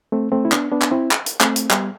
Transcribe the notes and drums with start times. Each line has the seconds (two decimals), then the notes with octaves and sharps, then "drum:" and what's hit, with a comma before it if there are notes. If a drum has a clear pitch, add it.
0.12 A3 C4
0.32 A3 C4
0.45 E4
0.52 B3 D4, drum: clap
0.72 B3 D4
0.82 drum: clap
0.92 C4 E4
1.11 drum: clap
1.26 drum: hi-hat
1.41 A3 C4, drum: clap
1.56 drum: hi-hat
1.71 G3 B3, drum: clap